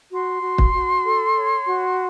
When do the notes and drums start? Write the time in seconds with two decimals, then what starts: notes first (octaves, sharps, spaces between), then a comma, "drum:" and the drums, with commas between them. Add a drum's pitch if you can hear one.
0.12 F#4 C6
0.43 F#4
0.58 drum: kick
0.73 F#4
1.05 A4
1.36 C#5
1.66 F#4